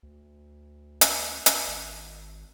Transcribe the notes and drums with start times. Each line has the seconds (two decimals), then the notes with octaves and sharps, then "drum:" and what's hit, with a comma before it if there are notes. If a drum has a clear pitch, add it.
0.03 D2
1.01 drum: hi-hat
1.46 drum: hi-hat
1.68 G#1